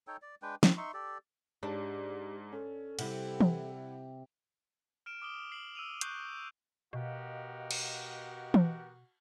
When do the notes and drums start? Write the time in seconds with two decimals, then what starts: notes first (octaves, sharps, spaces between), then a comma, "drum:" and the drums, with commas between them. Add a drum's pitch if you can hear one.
0.07 D#4 A4 C#5 G5
0.22 D5
0.42 G#3 D4 B4 G5
0.63 C4, drum: snare
0.77 D#4 E5 C6 C#6
0.94 G4 A4 D5
1.63 G#2 D4 G4 D5 A5
2.52 C#4 A4
2.99 C3 G3 E4 F#5, drum: cymbal
3.41 drum: tom E3
5.06 F6 D7 E7
5.22 D6 D#6 G7
5.52 C7 F#7
5.75 E6 D#7 F7
6.01 C#6 F#6 G6 C7 G7, drum: hi-hat
6.93 B2 B3 F#4 G4 A#4 D#5 F5
7.71 drum: cymbal
8.54 drum: tom E3